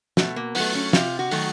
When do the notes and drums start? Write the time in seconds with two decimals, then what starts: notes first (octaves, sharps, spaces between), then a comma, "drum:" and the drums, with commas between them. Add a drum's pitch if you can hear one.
0.17 B2 A3, drum: snare
0.36 A#3
0.55 F#3 A3 B3, drum: open hi-hat
0.75 C#4
0.93 C3 F4, drum: snare
1.19 F#4
1.31 D#3 F#3 A3, drum: open hi-hat